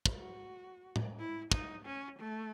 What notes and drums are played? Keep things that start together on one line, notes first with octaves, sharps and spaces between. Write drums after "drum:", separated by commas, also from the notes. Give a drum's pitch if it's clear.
drum: kick
F#4
drum: tom A2
E4
D#4, drum: kick
C#4
A3